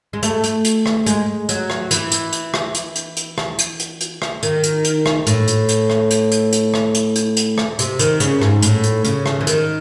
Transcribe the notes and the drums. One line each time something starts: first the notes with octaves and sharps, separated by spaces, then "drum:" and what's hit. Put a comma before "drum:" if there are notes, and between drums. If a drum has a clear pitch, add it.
G#3
A3, drum: hi-hat
drum: hi-hat
drum: hi-hat
drum: rim click
G#3, drum: hi-hat
F#3, drum: hi-hat
drum: rim click
E3, drum: hi-hat
drum: hi-hat
drum: hi-hat
drum: rim click
drum: hi-hat
drum: hi-hat
drum: hi-hat
drum: rim click
drum: hi-hat
drum: hi-hat
drum: hi-hat
drum: rim click
D#3, drum: hi-hat
drum: hi-hat
drum: hi-hat
drum: rim click
A2, drum: hi-hat
drum: hi-hat
drum: hi-hat
drum: rim click
drum: hi-hat
drum: hi-hat
drum: hi-hat
drum: rim click
drum: hi-hat
drum: hi-hat
drum: hi-hat
drum: rim click
C3, drum: hi-hat
D#3, drum: hi-hat
C#3, drum: hi-hat
G#2, drum: rim click
A2, drum: hi-hat
drum: hi-hat
C#3, drum: hi-hat
drum: rim click
E3
D#3, drum: hi-hat